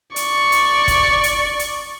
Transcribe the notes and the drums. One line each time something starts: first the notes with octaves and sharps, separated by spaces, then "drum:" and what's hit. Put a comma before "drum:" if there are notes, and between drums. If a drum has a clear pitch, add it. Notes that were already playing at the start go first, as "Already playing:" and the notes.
D5 C#6, drum: hi-hat
drum: hi-hat
drum: kick, hi-hat
drum: hi-hat
drum: hi-hat